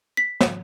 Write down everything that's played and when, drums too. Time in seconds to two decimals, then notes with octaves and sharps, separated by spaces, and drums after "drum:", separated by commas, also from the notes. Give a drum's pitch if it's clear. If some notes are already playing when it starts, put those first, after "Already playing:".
0.17 B6
0.41 drum: snare